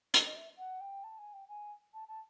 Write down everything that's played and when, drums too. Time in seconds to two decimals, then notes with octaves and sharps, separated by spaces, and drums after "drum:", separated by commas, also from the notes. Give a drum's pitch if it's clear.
0.14 D#5, drum: hi-hat
0.26 D#5
0.36 E5
0.58 F#5
0.81 G5
1.04 A5
1.19 G#5
1.33 G5
1.48 G#5
1.94 A5
2.08 A5